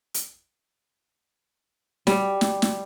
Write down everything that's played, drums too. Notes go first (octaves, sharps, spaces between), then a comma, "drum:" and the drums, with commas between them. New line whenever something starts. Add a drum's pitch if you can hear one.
drum: hi-hat
G3, drum: snare
drum: snare
drum: snare